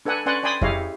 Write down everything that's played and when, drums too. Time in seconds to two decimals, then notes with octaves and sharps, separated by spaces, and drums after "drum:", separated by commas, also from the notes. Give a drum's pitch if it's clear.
0.05 D4 A4 B4 F#5 G#5
0.26 C#4 B4 D5 F#5 G#5 C6
0.43 D5 G5 G#5 B5 C6 D#6
0.61 E4 G4 G#4 C#5 D#5 F5, drum: kick F2